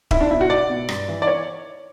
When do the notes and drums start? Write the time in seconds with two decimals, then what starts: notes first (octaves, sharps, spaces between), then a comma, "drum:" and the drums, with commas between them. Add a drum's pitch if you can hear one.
0.11 C#2 E4, drum: kick D#1
0.21 D4
0.31 B2 E4
0.41 F#4
0.50 C#2 D5
0.70 B2
0.89 G2, drum: rim click
1.09 E3
1.22 D5
1.27 C#5